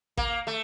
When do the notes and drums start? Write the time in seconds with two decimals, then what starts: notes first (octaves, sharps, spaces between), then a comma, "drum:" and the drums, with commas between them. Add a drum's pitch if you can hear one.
0.17 A#3, drum: kick A1
0.47 A3